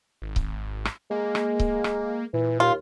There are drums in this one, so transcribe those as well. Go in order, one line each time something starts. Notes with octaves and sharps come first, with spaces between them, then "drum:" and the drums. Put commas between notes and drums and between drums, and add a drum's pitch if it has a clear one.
G#1
drum: kick C#1
drum: rim click
G#3 A#3
drum: rim click
drum: kick C#1
drum: rim click
A#2 E3
D#2 F4